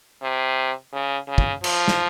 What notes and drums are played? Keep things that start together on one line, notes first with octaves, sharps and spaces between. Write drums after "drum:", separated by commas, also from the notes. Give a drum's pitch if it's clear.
C3
C#3
C#3
drum: kick
F3, drum: cymbal
drum: snare